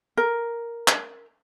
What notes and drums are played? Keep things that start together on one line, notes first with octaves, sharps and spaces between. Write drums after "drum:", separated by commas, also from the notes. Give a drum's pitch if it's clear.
A#4
drum: clap